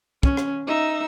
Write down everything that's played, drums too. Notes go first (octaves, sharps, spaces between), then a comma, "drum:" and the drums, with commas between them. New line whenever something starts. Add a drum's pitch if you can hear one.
C#4, drum: kick
drum: rim click
D#4 E5